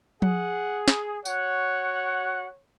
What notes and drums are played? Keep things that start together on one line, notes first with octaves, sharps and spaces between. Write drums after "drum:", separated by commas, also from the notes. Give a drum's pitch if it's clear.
G#4 F#5, drum: tom F3
drum: snare
F#4 C#5 F#5, drum: tambourine